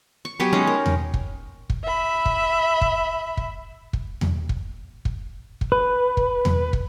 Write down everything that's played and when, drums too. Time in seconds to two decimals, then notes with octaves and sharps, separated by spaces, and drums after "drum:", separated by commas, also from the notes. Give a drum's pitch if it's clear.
0.25 C#6
0.40 F#3 B3 G4 G#5
0.53 G#3 C#4 D#4
0.67 A#4
0.86 drum: tom E2
1.14 drum: kick
1.70 drum: kick
1.84 E5 B5
2.25 drum: kick
2.81 drum: kick
3.37 drum: kick
3.93 drum: kick
4.21 drum: tom E2
4.49 drum: kick
5.05 drum: kick
5.61 drum: kick
5.72 B4
6.17 drum: kick
6.45 drum: tom E2
6.73 drum: kick